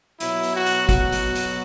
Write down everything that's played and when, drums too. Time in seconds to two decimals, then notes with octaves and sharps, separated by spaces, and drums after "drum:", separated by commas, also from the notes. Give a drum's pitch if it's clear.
0.20 B2 F#3 E4, drum: hi-hat
0.43 drum: hi-hat
0.55 F#4
0.66 drum: hi-hat
0.89 F#4, drum: kick, hi-hat
1.12 drum: hi-hat
1.35 drum: hi-hat